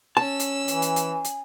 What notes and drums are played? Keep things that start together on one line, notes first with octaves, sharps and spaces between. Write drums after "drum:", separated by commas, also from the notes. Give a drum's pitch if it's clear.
C#4 A5 E6
drum: hi-hat
E3 G#5, drum: hi-hat
drum: hi-hat
drum: hi-hat
drum: hi-hat